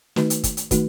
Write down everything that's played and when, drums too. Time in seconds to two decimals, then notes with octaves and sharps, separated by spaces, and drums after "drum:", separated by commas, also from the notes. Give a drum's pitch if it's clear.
0.16 D#3 A3 D#4 F#4 B4, drum: snare
0.30 drum: hi-hat
0.44 drum: kick, hi-hat
0.57 drum: hi-hat
0.71 D#3 A3 D#4 F#4 B4, drum: kick, hi-hat